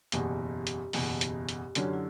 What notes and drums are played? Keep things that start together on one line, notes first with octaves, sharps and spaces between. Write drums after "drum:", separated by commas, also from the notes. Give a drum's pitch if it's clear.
F#1 E2 B2 G4, drum: hi-hat
drum: hi-hat
F#1 E2 B2, drum: open hi-hat
drum: hi-hat
drum: hi-hat
F#2 D3 F#3 C#4 G4, drum: hi-hat
F#4
E4